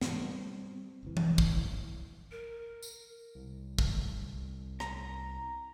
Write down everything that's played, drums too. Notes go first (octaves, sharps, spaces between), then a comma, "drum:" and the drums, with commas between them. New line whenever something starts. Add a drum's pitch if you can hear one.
G#2 E3, drum: snare
G3 C4
F#1 C2 E3
drum: tom E3
drum: kick
A#4
drum: tambourine
C2
drum: kick
A#5, drum: rim click